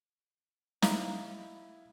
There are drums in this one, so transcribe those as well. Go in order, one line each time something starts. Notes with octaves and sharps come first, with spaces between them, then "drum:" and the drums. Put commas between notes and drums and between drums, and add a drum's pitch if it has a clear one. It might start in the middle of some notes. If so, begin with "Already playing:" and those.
D#4 E4 F5, drum: snare